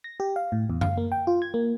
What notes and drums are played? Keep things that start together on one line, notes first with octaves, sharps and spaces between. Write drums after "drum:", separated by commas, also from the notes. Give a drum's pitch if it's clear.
A#6
G4
F5
A2
E2
F5, drum: tom F#2
A#3
G5
F4
G#6
A#3